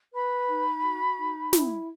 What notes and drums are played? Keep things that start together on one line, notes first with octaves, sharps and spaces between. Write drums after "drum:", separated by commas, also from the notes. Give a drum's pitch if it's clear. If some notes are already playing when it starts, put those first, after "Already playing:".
B4 B5
D#4
F#4
D#4
E4, drum: snare